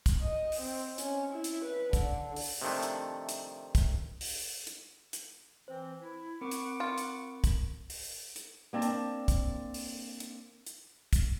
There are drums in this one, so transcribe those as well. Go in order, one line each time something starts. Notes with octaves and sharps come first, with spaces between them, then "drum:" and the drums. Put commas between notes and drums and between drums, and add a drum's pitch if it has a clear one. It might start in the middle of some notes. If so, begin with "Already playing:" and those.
drum: kick, hi-hat
D#5
drum: open hi-hat
C4
C#4, drum: hi-hat
E4
drum: hi-hat
B4
D3, drum: kick, hi-hat
drum: open hi-hat
C3 D#3 F3 A3 D4
drum: hi-hat
drum: hi-hat
drum: kick, hi-hat
drum: open hi-hat
drum: hi-hat
drum: hi-hat
E3 C4 C5
E4
C4 A#4 F#5 B5 C#6 D6
drum: hi-hat
F4
drum: hi-hat
drum: kick, hi-hat
drum: open hi-hat
drum: hi-hat
A#3 C4 D4 A5
drum: hi-hat
drum: kick, hi-hat
drum: open hi-hat
drum: hi-hat
drum: hi-hat
drum: kick, hi-hat